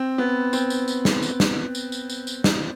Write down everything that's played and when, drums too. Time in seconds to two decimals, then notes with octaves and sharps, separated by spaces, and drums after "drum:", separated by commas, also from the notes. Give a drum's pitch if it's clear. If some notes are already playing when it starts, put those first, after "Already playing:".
Already playing: C4
0.18 B3
0.53 C4, drum: tambourine
0.70 drum: tambourine
0.88 drum: tambourine
1.05 drum: snare
1.23 drum: tambourine
1.40 drum: snare
1.75 drum: tambourine
1.92 drum: tambourine
2.10 drum: tambourine
2.27 drum: tambourine
2.44 drum: snare